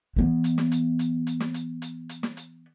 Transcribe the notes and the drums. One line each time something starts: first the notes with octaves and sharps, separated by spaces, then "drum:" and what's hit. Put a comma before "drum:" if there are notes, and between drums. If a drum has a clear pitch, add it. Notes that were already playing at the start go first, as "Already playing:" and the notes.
E3 B3
drum: hi-hat
drum: snare
drum: hi-hat
drum: hi-hat
drum: hi-hat
drum: snare
drum: hi-hat
drum: hi-hat
drum: hi-hat
drum: snare
drum: hi-hat